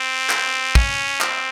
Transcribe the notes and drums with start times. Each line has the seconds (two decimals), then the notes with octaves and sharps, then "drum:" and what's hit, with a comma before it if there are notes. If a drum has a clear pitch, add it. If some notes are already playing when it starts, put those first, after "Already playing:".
Already playing: C4
0.30 drum: clap
0.75 C#4, drum: kick
1.21 C4, drum: clap